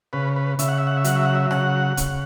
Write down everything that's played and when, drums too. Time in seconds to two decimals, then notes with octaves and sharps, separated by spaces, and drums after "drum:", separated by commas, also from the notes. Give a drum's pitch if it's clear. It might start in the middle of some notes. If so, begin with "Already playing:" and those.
0.13 C#3 B4
0.36 B4
0.59 C#3 E5, drum: hi-hat
0.68 F#5
0.78 E5
0.87 F#5
0.97 E5
1.04 F#3 F#5, drum: hi-hat
1.16 E5
1.25 F#5
1.35 E5
1.51 C#3 F#5, drum: rim click
1.97 C#3, drum: kick, hi-hat